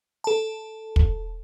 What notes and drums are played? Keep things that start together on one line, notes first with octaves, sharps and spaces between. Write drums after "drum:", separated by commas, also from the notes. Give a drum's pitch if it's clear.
A4 A5
drum: kick